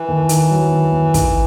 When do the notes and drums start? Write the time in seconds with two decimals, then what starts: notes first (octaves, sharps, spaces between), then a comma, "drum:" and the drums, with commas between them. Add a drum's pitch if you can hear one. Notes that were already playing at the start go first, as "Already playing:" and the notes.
Already playing: E3
0.08 D#2
0.29 D#3, drum: hi-hat
0.51 F#3
0.71 D#2
0.92 D#2
1.14 D#3, drum: kick, hi-hat